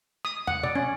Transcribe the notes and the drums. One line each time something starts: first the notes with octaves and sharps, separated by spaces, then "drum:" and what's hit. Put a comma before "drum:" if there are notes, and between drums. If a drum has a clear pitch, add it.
D#6
F#5, drum: tom
D5, drum: tom B2
C#4